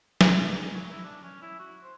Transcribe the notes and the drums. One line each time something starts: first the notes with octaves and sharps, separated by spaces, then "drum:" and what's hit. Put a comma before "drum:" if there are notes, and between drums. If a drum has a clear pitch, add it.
drum: snare
G#4
F#3
E4
D4
C#4
E4
F#4
C5